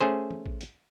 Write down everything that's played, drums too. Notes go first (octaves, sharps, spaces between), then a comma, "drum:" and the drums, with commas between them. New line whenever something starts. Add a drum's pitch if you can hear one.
A3 C#4 G#4 C5
drum: tom
drum: kick A1
drum: hi-hat